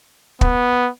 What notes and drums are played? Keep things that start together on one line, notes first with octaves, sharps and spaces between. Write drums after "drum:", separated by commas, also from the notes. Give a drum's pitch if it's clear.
B3, drum: kick